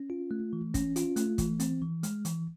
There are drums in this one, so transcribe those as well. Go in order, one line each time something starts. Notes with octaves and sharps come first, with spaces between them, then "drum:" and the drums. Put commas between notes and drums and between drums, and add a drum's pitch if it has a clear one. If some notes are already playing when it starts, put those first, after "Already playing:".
Already playing: C#4
F4
A3
E3
C#4, drum: kick, hi-hat
F4, drum: hi-hat
A3, drum: hi-hat
E3, drum: kick, hi-hat
C4, drum: hi-hat
E3
G#3, drum: hi-hat
E3, drum: hi-hat